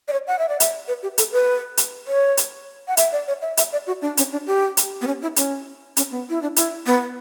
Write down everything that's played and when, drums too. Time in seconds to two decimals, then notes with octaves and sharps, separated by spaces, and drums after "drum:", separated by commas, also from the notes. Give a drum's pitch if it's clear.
0.08 D5
0.13 C#5
0.28 F#5
0.39 E5
0.49 D5
0.60 E5, drum: hi-hat
0.88 B4
1.03 G4
1.18 A4, drum: hi-hat
1.32 B4
1.77 drum: hi-hat
2.07 C#5
2.37 drum: hi-hat
2.88 F#5
2.97 E5, drum: hi-hat
3.12 D5
3.28 C#5
3.42 E5
3.57 E5, drum: hi-hat
3.72 D5
3.87 F#4
4.02 D4
4.17 C#4, drum: hi-hat
4.32 D4
4.47 G4
4.77 drum: hi-hat
5.01 B3
5.07 C#4
5.22 E4
5.36 C#4, drum: hi-hat
5.97 C#4, drum: hi-hat
6.11 B3
6.30 E4
6.42 D4
6.56 E4, drum: hi-hat
6.86 B3